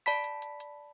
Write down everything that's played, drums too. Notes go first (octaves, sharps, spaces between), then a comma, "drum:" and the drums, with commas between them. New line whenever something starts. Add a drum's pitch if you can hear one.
D5 A5 B5 B6, drum: hi-hat
drum: hi-hat
drum: hi-hat
drum: hi-hat